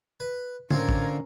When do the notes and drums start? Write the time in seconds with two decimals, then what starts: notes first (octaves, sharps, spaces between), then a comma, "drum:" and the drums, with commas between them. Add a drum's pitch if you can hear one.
0.20 B4
0.71 A2 D3 A#3 C4 C#4 F4 A#4 G#6, drum: tom
0.89 drum: kick